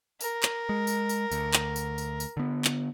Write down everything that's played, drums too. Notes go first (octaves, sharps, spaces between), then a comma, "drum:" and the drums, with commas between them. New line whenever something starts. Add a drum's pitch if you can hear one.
A#4, drum: tambourine
drum: clap
G#3
drum: tambourine
drum: tambourine
D2, drum: tambourine
drum: clap
drum: tambourine
drum: tambourine
drum: tambourine
D3 B3
drum: clap